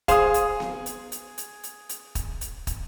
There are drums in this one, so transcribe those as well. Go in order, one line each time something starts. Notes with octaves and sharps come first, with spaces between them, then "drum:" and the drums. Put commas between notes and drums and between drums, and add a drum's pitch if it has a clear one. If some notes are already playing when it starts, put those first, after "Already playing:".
G#4 C5 F5 D#6, drum: kick, hi-hat
drum: hi-hat
drum: snare B3
drum: hi-hat
drum: hi-hat
drum: hi-hat
drum: hi-hat
drum: hi-hat
drum: kick, hi-hat
drum: hi-hat
drum: kick, hi-hat